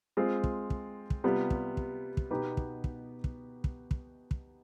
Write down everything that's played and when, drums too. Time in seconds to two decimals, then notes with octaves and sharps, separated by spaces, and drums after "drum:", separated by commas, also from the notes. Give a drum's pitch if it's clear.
0.17 G#3 C4 F4
0.44 drum: kick
0.70 drum: kick
1.10 drum: kick
1.24 C3 G3 B3 F4
1.50 drum: kick
1.77 drum: kick
2.17 drum: kick
2.31 B2 B3 D#4 G4 B4
2.57 drum: kick
2.84 drum: kick
3.24 drum: kick
3.64 drum: kick
3.91 drum: kick
4.31 drum: kick